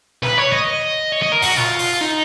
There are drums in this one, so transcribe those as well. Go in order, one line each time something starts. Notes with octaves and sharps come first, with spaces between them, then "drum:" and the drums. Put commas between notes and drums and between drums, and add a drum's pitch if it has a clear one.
B4, drum: snare
C#5
D#5
C#5
D#5
A#4
F#4, drum: open hi-hat
F4, drum: snare
drum: open hi-hat
D#4